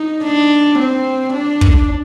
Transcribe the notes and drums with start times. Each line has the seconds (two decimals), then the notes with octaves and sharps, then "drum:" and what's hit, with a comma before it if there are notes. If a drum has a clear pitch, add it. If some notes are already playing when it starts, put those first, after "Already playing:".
Already playing: D#4
0.24 D4
0.79 C4
1.33 D4
1.61 drum: kick